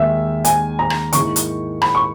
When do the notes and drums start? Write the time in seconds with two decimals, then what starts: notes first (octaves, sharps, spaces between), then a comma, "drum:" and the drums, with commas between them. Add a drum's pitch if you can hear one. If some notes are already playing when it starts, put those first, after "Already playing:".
Already playing: D#2 D#3 G#3 D#4 E5
0.45 G#5, drum: hi-hat
0.79 A#5
0.90 drum: rim click
1.13 G#2 D#3 A#3 E4 G#4 C#6, drum: hi-hat
1.36 drum: hi-hat
1.82 B5, drum: rim click
1.95 C#6